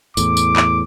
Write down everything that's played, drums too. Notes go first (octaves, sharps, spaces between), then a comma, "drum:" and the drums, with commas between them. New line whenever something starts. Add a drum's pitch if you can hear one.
E2 A2 D6, drum: tambourine
drum: tambourine
drum: clap